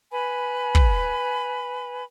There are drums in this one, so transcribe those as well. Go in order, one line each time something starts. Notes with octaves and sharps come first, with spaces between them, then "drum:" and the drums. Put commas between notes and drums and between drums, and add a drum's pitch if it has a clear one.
B4 G#5 B5
drum: kick